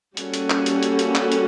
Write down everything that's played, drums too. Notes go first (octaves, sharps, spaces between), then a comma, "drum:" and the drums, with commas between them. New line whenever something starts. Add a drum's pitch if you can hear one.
G3 A#3 C#4 F#4 A4, drum: hi-hat
drum: hi-hat
drum: clap
drum: hi-hat
drum: hi-hat
drum: hi-hat
drum: clap
drum: hi-hat